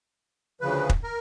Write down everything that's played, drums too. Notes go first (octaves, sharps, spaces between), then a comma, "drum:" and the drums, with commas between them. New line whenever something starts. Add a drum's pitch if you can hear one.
D2 C#3 F3 B4
drum: kick
A#4